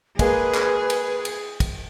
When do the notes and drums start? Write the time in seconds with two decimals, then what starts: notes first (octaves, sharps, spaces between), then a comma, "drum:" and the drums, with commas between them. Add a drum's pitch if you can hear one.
0.19 G#3 A#3 G#4 B4, drum: kick, cymbal
0.55 drum: clap
0.90 drum: cymbal
1.25 drum: cymbal
1.60 drum: kick, cymbal